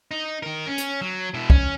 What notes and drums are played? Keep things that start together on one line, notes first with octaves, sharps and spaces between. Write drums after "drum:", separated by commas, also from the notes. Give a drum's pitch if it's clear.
D#4
D#4 A#4
C#4
drum: hi-hat
F#3
B2 E4
C#4, drum: kick